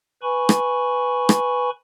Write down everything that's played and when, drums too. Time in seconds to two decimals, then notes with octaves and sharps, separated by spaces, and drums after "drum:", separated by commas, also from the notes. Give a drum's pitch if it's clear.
0.22 B4 G#5 B5 C#6
0.49 drum: rim click
1.29 drum: rim click